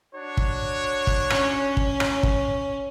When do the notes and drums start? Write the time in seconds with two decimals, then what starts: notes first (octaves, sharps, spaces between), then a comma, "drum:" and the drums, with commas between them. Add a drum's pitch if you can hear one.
0.15 D4 F#4 C#5
0.37 drum: kick
1.07 drum: kick
1.30 C#4, drum: rim click
1.77 drum: kick
2.00 drum: rim click
2.23 drum: kick